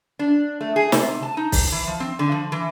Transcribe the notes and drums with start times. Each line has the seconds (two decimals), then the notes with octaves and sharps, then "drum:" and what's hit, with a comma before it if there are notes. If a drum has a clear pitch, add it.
0.19 D4
0.61 A3
0.76 G#4
0.92 C3, drum: snare
1.23 A5
1.37 D#4
1.52 drum: kick B1, open hi-hat
1.72 E3
1.87 F3
2.00 C4
2.19 D3
2.32 F3
2.52 E3